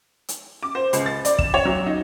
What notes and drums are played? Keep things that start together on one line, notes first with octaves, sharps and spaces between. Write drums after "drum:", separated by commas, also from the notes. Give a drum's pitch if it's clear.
drum: hi-hat
D6
C5
C#2, drum: hi-hat
A6
D5, drum: hi-hat
E7, drum: kick
C#5
F#3
D#4